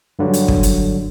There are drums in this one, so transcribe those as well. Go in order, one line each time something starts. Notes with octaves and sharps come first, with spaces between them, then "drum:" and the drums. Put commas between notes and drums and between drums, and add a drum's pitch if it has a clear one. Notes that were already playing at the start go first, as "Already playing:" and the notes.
G2 D3 F#3
drum: hi-hat
drum: kick
drum: hi-hat